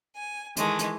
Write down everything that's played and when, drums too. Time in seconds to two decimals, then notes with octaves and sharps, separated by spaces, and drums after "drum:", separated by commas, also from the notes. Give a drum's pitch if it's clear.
0.15 G#5
0.57 D#3 E3 G#3 A3, drum: hi-hat
0.79 drum: hi-hat